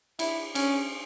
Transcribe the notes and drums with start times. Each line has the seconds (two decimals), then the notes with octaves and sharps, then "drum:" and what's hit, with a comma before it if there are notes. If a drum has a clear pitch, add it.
0.19 E4, drum: cymbal
0.55 C#4, drum: cymbal